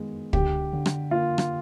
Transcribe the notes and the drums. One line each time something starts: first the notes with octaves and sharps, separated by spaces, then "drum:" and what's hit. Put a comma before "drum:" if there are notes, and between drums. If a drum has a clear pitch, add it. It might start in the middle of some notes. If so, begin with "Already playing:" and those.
Already playing: D#3 G#3 B3
D3 G4, drum: kick
D3
drum: rim click
A#3 F4
drum: rim click